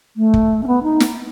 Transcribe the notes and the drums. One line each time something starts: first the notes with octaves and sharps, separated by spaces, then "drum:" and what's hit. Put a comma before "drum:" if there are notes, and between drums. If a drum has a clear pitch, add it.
A3
drum: kick
C#4
B3
D#4
drum: snare